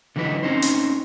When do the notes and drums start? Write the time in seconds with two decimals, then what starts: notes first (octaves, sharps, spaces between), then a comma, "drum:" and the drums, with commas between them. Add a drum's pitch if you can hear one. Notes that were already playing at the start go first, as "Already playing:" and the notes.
0.16 D3 E3 F#3 D#4 B4
0.43 C4 C#4 D#4 C5
0.62 drum: hi-hat